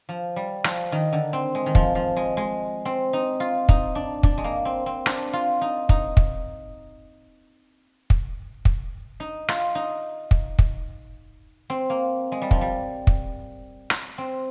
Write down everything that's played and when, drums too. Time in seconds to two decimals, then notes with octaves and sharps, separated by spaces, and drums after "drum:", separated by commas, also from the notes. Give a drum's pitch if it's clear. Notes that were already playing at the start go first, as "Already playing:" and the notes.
0.09 F3
0.36 G3
0.64 F3, drum: rim click
0.92 D#3
1.13 D3
1.33 C4
1.55 G#3
1.66 D#3
1.75 F3, drum: kick
1.95 F3
2.17 G#3
2.37 G#3
2.85 C4
3.13 D#4
3.40 F4
3.69 D#4, drum: kick
3.95 D4
4.23 D4, drum: kick
4.38 G#3
4.44 A#3
4.65 C4
4.86 C4
5.06 D4, drum: rim click
5.33 F4
5.61 D#4
5.89 D#4, drum: kick
6.17 drum: kick
8.10 drum: kick
8.65 drum: kick
9.20 D#4
9.48 F4, drum: rim click
9.75 D#4
10.31 drum: kick
10.59 drum: kick
11.70 C4
11.90 A#3
12.32 G#3
12.42 G3
12.51 F3, drum: kick
12.61 G3
13.07 drum: kick
13.90 drum: rim click
14.18 C4